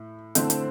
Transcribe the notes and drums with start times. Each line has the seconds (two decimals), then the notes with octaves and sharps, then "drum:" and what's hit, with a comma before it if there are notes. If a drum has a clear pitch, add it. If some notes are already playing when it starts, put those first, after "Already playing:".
Already playing: A2
0.35 D3 A3 C4 E4 C5, drum: hi-hat
0.50 drum: hi-hat